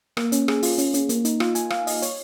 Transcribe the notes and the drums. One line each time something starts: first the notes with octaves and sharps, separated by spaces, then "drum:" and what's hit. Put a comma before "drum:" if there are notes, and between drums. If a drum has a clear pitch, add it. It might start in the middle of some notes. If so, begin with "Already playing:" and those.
A#3, drum: rim click
C#4, drum: hi-hat
G#4, drum: rim click
F4, drum: open hi-hat
C#4, drum: hi-hat
C#4, drum: hi-hat
A#3, drum: hi-hat
D#4, drum: hi-hat
F4, drum: rim click
G#5, drum: hi-hat
F5, drum: rim click
D#5, drum: open hi-hat
C#5, drum: hi-hat